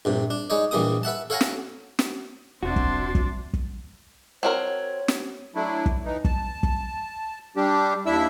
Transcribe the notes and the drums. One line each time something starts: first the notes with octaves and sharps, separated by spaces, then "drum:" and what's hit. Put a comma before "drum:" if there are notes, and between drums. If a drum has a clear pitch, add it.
A#1 G2 C3
D4
G#3 D#4 C#5 D5
A#1 E3 G3 A#3 D6 D#6
B4 E5 F#5 A5
A4 C#5 F5 F#5 G#5 A#5
drum: snare
drum: snare
E1 C4 D4 F#4 E5 C6 A6
drum: kick
drum: kick
drum: kick
C4 F#4 A#4 C#5
drum: snare
F#3 A3 D4 E4
drum: kick
E3 D#4
A5, drum: kick
drum: kick
G3 D4 G4
D#2 D4 E4 E5 E6